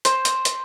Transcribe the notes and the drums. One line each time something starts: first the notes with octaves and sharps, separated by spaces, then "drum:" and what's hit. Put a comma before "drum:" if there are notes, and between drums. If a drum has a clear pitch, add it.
C5, drum: hi-hat
drum: hi-hat
drum: hi-hat